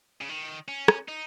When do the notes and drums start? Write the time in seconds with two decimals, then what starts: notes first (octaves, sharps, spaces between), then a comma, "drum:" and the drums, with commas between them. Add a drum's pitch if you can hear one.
0.21 C#3
0.29 D#3
0.68 C#4
0.88 drum: rim click
1.08 D#4